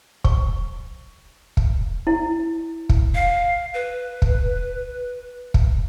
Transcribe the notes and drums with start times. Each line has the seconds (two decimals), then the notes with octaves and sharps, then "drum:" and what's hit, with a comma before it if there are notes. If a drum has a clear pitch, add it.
0.24 C#6, drum: kick
1.57 drum: kick
2.07 E4
2.89 drum: kick
3.15 F5
3.74 B4
4.22 drum: kick
5.54 drum: kick